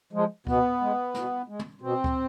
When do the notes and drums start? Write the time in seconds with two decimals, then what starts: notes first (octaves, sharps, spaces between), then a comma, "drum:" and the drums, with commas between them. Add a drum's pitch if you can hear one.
0.13 F3 G#3
0.47 B2 B3, drum: kick C#2
0.81 G#3
1.14 B2, drum: snare
1.48 G#3
1.59 drum: tom
1.81 B2 C4
2.04 drum: kick C#2